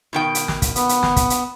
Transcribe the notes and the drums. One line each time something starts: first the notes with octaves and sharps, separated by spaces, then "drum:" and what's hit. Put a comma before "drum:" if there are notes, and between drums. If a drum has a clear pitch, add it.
B2 D#3 G5
drum: hi-hat
drum: snare
drum: kick, hi-hat
B3, drum: hi-hat
drum: hi-hat
drum: snare
drum: kick, hi-hat
drum: hi-hat